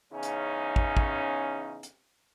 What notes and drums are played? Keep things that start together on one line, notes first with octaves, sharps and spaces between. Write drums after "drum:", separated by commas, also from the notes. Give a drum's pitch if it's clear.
E2 C#3 C#4 D#4
drum: hi-hat
drum: kick
drum: kick
drum: hi-hat